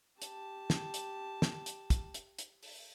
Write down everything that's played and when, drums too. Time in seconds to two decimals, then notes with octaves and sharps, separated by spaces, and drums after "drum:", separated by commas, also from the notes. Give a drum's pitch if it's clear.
0.22 G4 A5, drum: hi-hat
0.70 drum: snare
0.94 drum: hi-hat
1.42 drum: snare
1.66 drum: hi-hat
1.90 drum: kick, hi-hat
2.14 drum: hi-hat
2.39 drum: hi-hat
2.63 drum: open hi-hat